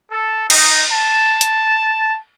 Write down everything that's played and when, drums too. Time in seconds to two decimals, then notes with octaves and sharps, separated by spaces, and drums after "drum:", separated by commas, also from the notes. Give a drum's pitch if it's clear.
0.11 A4
0.50 D#4, drum: cymbal
0.90 A5
1.41 drum: hi-hat